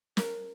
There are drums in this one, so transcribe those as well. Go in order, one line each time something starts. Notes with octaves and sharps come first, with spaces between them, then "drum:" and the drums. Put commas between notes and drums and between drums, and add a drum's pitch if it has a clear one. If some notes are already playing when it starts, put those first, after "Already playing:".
A#4, drum: snare